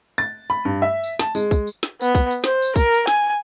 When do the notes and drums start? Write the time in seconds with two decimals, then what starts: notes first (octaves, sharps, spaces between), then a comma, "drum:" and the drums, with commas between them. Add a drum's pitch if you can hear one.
0.18 A6
0.50 B5
0.65 G2
0.82 E5
1.04 drum: tambourine
1.19 A5, drum: snare
1.35 G#3, drum: tambourine
1.51 drum: kick, tambourine
1.67 drum: tambourine
1.83 drum: snare
2.01 B3, drum: tambourine
2.15 drum: kick, tambourine
2.31 drum: tambourine
2.44 C5, drum: snare
2.62 drum: tambourine
2.76 A#4, drum: kick, tambourine
2.94 drum: tambourine
3.07 G#5, drum: snare